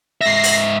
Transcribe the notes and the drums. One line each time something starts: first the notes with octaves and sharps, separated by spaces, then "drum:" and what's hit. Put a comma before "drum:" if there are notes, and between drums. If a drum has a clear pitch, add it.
G#2 E5 A#6 C7
drum: open hi-hat